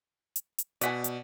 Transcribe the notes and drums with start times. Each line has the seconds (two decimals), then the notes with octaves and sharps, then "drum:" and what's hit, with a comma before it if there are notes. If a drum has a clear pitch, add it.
0.36 drum: hi-hat
0.58 drum: hi-hat
0.81 B2 D5 F#5 G#5 B6, drum: hi-hat
1.04 drum: hi-hat